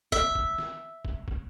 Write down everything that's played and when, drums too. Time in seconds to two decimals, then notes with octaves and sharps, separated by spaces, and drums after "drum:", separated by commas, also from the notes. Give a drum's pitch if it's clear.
0.12 E5, drum: kick
0.35 drum: kick
0.58 drum: snare
1.05 drum: kick
1.28 drum: kick